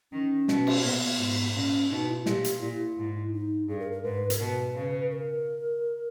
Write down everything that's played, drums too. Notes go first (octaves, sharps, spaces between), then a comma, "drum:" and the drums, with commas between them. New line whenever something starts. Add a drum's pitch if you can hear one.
D#3 C#4
B2, drum: snare
drum: cymbal
A#2 B3
G#2
A#2 C#4
B2 D#4
E4
A#2 G4, drum: snare
drum: hi-hat
A#2 E4
G#2
D#4
G2 G#4
A#4
A#4
G#2 B4
A#4, drum: hi-hat
B2 B4
C#3
A#4